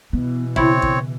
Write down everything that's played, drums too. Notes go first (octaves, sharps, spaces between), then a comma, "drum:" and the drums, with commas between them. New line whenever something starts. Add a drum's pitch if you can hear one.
B2 E3 B3
C#3 C4 E4 C#5, drum: kick
drum: kick